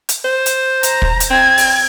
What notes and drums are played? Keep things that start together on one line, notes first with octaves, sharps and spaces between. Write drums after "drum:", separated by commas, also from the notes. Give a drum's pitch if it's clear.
drum: hi-hat
C5
drum: hi-hat
A#5, drum: hi-hat
drum: kick
drum: hi-hat
C4 G#6
drum: open hi-hat